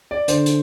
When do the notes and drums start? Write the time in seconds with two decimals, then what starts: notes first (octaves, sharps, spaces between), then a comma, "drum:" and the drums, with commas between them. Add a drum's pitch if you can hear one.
0.11 D5
0.28 D3 C5, drum: hi-hat
0.46 drum: hi-hat